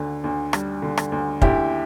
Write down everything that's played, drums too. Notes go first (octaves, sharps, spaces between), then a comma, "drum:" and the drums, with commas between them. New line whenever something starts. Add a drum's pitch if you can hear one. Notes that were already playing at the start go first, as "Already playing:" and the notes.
Already playing: D2 D3
D2
G3, drum: rim click
D3
drum: rim click
D2
D2 E4 G4, drum: kick